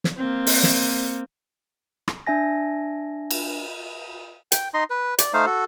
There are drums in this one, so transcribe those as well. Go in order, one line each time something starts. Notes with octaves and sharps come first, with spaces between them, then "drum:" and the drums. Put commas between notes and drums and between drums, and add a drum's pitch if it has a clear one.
drum: snare
A#3 C4
drum: open hi-hat
drum: snare
drum: rim click
D4 E5 G#5 A#6
drum: cymbal
G5, drum: hi-hat
D#4 D#5 C6
B4
D5, drum: hi-hat
A3 D#4 C5 F5
F#4 A4